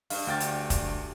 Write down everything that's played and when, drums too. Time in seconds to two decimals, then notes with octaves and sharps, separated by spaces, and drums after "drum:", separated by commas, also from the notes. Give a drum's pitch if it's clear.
0.10 G2 F5, drum: open hi-hat
0.27 D2 G5 A6
0.40 drum: hi-hat
0.70 drum: kick F1, hi-hat